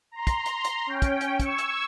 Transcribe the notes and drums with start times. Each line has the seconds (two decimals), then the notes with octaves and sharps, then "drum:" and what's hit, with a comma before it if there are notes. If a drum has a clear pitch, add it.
0.11 A#5 C6
0.27 drum: kick, hi-hat
0.46 drum: hi-hat
0.64 drum: hi-hat
0.87 C#4 G5
1.02 drum: kick, hi-hat
1.21 drum: hi-hat
1.40 C#6 E6 G#6, drum: kick, hi-hat
1.58 drum: hi-hat